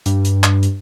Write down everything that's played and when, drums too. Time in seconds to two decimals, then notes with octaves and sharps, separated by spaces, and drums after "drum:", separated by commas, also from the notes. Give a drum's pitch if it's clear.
0.06 G2, drum: hi-hat
0.25 drum: hi-hat
0.44 drum: clap
0.63 drum: hi-hat